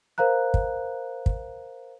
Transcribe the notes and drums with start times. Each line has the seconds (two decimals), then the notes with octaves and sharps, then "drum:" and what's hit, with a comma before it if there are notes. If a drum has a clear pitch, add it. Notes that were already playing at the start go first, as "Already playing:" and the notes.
0.18 A#4 C5 F5 A#5 F#6
0.54 drum: kick
1.26 drum: kick